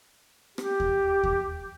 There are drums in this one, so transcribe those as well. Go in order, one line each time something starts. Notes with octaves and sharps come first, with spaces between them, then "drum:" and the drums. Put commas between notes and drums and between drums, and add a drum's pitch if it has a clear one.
G4, drum: rim click
drum: kick D#2
drum: kick D#2